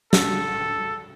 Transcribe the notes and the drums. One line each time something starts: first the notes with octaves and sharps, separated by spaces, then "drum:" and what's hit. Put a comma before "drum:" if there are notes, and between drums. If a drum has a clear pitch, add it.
A4, drum: snare